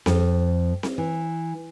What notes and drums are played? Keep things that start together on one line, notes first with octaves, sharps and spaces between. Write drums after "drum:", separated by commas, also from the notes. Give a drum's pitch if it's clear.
F2, drum: snare C4
drum: snare C4
E3